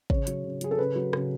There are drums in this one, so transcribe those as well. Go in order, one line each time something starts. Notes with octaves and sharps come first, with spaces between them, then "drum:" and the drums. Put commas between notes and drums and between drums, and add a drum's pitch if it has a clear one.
C#3 C#5, drum: kick
F#3, drum: hi-hat
C#3
F#3 G#4, drum: hi-hat
A4
C#3 B4
F#3
C#3, drum: rim click